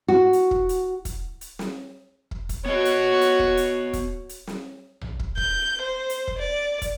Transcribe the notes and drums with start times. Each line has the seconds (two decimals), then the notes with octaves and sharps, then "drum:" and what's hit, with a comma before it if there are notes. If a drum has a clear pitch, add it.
0.08 F#4
0.33 drum: hi-hat
0.51 drum: kick
0.69 drum: hi-hat
1.05 drum: kick, hi-hat
1.41 drum: hi-hat
1.59 drum: snare
2.31 drum: kick
2.49 drum: kick, hi-hat
2.66 B3 F#4 C#5 D#5
2.85 drum: hi-hat
3.21 drum: hi-hat
3.39 drum: kick
3.57 drum: hi-hat
3.93 drum: kick, hi-hat
4.29 drum: hi-hat
4.47 drum: snare
5.01 drum: tom A#1
5.19 drum: kick
5.37 G6, drum: kick
5.82 C5
6.10 drum: hi-hat
6.28 drum: kick
6.39 D5
6.82 drum: kick, hi-hat